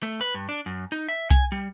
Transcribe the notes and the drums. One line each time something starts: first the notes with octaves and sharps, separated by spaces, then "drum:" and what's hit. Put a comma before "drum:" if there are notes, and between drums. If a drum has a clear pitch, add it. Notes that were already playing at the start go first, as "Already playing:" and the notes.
A3
B4
G2
D4
F#2
D#4
E5
G#5, drum: kick C2, hi-hat
G3